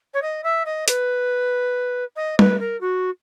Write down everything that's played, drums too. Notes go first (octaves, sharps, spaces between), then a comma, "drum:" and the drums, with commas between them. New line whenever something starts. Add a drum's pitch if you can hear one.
C#5
D#5
E5
D#5
B4, drum: hi-hat
D#5
B4, drum: tom G3
A#4
F#4